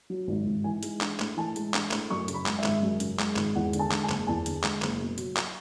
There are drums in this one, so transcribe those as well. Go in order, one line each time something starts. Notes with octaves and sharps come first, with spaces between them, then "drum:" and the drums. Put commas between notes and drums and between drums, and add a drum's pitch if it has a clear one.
F#3
G#1
G#1
E3 G#5
G#3, drum: hi-hat
D4, drum: clap
A2, drum: clap
E3 A5
G#3, drum: hi-hat
D4, drum: clap
A2, drum: clap
F#2 C#6
C#3, drum: hi-hat
B5
G#3, drum: clap
E5
G#1, drum: clap
F#2
C#3, drum: hi-hat
G#3, drum: clap
G#1, drum: clap
E2 F#5
D3, drum: hi-hat
A5
G#3, drum: clap
A5
F#1, drum: clap
E2 A5
D3, drum: hi-hat
G#3, drum: clap
F#1, drum: clap
B2
F#3, drum: hi-hat
drum: clap